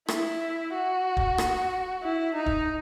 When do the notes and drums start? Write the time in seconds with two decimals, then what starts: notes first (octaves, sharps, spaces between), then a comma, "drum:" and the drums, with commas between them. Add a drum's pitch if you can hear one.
0.08 E4, drum: rim click
0.74 F#4
1.17 drum: kick
1.38 drum: rim click
2.03 E4
2.35 D#4
2.46 drum: kick